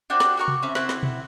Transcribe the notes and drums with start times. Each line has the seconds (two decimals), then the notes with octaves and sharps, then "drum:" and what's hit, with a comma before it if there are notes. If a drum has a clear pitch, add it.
0.10 D4 F#4 G4 C5
0.20 drum: snare
0.37 F#4 A#4 C#6
0.48 drum: tom C3
0.62 C4 C#4 E5
0.75 C4 E4 F#5 B5, drum: snare
0.89 drum: snare
1.03 drum: tom B2